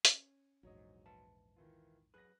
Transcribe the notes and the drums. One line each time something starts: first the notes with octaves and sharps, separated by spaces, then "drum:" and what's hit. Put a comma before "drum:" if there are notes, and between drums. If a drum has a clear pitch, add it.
C#4, drum: hi-hat
A#1 E2 G#2 F#3 C#5 D#5
B4 E5 A5
D#3 E3 F4
F#2 G#4 B4 F#6 A#6